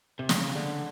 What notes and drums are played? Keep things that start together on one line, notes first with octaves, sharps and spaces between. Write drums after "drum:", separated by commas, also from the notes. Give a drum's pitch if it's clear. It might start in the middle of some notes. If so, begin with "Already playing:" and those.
C3
C#3, drum: snare
D3